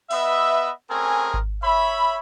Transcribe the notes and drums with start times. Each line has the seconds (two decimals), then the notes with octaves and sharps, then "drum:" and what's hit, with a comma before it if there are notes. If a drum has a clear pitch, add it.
0.11 B3 B4 D#5 E5, drum: open hi-hat
0.88 A3 C4 C#4 G#4 A#4 G#5
1.34 drum: kick G#1
1.61 C#5 E5 B5